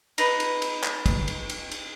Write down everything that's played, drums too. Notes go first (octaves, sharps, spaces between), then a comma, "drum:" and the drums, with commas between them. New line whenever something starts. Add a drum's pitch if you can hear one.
D#4 B4, drum: cymbal
drum: cymbal
drum: cymbal
drum: clap
drum: kick, cymbal
drum: cymbal
drum: cymbal
drum: cymbal